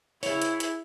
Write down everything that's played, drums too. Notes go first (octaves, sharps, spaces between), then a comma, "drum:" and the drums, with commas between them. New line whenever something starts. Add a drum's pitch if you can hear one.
E4 G#4 C#5, drum: open hi-hat
drum: hi-hat
drum: hi-hat